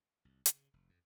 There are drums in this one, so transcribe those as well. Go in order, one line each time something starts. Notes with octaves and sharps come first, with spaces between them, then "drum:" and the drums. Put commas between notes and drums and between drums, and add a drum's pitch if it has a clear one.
C2
C#3, drum: hi-hat
F1
F2